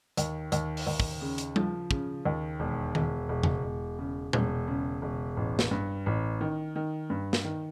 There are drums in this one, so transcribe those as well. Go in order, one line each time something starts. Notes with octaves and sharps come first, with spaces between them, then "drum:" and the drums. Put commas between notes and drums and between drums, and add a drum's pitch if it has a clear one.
D#2, drum: hi-hat
D#2, drum: hi-hat
drum: open hi-hat
D#2
drum: kick
C#3
drum: hi-hat
F3, drum: tom G3
C#3, drum: kick
D#2
E1
E1, drum: tom D#3
E1
drum: tom E2
E1
C#3
E1, drum: tom A#2
C#3
E1
A1
drum: snare
G2
A1
D#3
D#3
G2
drum: snare
D#3